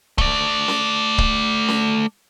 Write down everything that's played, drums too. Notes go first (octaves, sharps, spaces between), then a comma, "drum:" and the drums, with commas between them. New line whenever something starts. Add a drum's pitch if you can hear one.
A3 D5, drum: kick C#1
drum: snare C#4
drum: kick C#1
drum: snare C#4